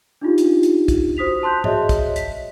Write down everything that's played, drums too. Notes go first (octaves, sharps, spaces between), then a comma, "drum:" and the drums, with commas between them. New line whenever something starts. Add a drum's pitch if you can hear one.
D4 D#4 F4 G4
drum: hi-hat
drum: hi-hat
drum: kick, hi-hat
F#4 C5 D#6 B6 F7
A5 C6 F#6 G6
F#4 G#4 C#5 D#5 E5, drum: tom G#2
drum: kick, hi-hat
B6, drum: hi-hat